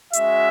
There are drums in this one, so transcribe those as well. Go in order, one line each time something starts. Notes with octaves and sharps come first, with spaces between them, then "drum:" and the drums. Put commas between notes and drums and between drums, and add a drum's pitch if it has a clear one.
G#3 C#4 F#4 E5, drum: hi-hat